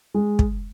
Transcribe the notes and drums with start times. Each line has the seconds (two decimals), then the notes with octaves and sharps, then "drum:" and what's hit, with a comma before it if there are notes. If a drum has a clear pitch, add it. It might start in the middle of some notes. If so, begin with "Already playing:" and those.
0.14 G#3
0.39 drum: kick